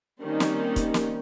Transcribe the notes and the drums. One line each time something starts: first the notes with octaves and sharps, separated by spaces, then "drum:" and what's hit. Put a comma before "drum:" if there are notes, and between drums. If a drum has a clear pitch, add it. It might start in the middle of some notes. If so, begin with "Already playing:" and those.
D#3 G3 A#3 C4 C#4 D#4
drum: snare
drum: kick, hi-hat
drum: snare